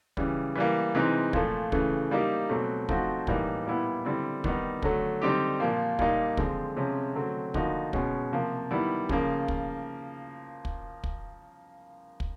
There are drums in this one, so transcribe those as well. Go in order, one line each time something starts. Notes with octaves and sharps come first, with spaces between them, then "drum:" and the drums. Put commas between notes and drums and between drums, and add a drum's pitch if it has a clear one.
C#3 E3 G3, drum: kick
E3 G3 A#3
C3 E3 G#3 C4 D#4
A#2 F3 A3, drum: kick
C#3 E3 A3, drum: kick
G3 A#3 D#4 G4
B2 F#3 A3 C4
F3 A3 C4 D#4 F#4, drum: kick
A2 E3 G3 A#3 D#4, drum: kick
A#2 G3 B3 E4
D3 G3 C4 E4
D#3 G3 B3 D#4, drum: kick
D3 F#3 A3, drum: kick
D3 G3 C4 D#4 G4
A#2 F3 A#3
A#2 G3 A#3 D#4, drum: kick
D3 F3 G#3 C4, drum: kick
C3 F3 G#3 C#4
D3 F#3 A3 C4
D3 F3 A#3 D#4 F#4, drum: kick
B2 G#3 C#4, drum: kick
C3 F3 A#3
D#3 G3 B3 E4
C#3 F3 A#3, drum: kick
drum: kick
drum: kick
drum: kick
drum: kick